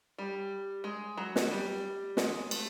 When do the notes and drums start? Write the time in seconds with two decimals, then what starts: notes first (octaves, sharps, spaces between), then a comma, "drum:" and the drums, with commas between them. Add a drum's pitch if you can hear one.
0.18 G3
0.84 G#3
1.17 F#3
1.36 drum: snare
1.51 G3
2.17 G#3, drum: snare
2.51 A3, drum: cymbal